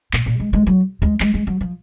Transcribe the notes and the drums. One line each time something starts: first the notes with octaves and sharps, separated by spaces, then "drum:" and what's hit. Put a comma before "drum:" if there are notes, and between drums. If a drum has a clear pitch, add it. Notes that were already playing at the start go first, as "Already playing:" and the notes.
A#2, drum: clap
A#2
G#3
G#3
F#3
G#3, drum: kick
G#3, drum: clap
G#3
F#3
F3